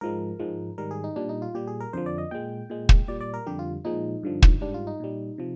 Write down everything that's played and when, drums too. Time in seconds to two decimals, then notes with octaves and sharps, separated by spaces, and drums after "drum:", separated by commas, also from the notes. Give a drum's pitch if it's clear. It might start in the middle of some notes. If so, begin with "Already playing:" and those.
0.01 G#2 F3 G#3 A#4
0.39 G#2 F3 G#3
0.78 G#2 D#3 G3 A#4
0.91 G#4
1.04 D#4
1.16 A#2 G3 D4
1.29 D#4
1.42 F4
1.55 A#2 G3 G4
1.67 G#4
1.80 A#4
1.93 F2 D3 F3 C5
2.06 D5
2.18 D#5
2.31 A#2 G#3 G5
2.70 A#2 G#3
2.89 drum: kick
3.08 A#2 G3 D5
3.21 D5
3.34 A#4
3.46 F2 D3 G3 G4
3.59 F4
3.85 A#2 F3 G#3 D#4
4.23 G2 D3 F3
4.42 drum: kick
4.61 G#2 G3 D4
4.74 F4
4.87 D#4
5.00 A#2 G3
5.38 C3 F3